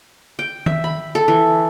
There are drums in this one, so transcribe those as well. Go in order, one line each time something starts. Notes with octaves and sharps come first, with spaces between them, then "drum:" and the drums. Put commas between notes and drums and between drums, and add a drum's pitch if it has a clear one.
G5
E5, drum: tom D#3
B5
A4
E3